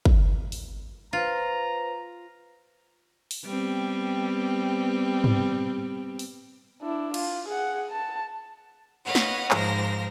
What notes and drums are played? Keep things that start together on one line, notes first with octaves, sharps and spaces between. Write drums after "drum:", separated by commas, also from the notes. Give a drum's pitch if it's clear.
drum: kick
drum: open hi-hat
F4 B4 C5 A#5
drum: open hi-hat
G3 B3 C4
drum: tom
drum: open hi-hat
D4 E4
F4, drum: cymbal
G#4 F#5
A5
B4 C#5 D#5 F5 F#5
drum: snare
G#2 F3 A#4 C5 A#6, drum: clap